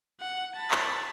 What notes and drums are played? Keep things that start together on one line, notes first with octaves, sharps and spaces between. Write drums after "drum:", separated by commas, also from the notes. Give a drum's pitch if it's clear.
F#5
A5 B5
drum: clap